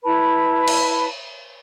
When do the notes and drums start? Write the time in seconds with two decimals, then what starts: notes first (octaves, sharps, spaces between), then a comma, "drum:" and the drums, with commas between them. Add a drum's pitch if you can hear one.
0.03 E4 B4 A5 B5
0.68 drum: cymbal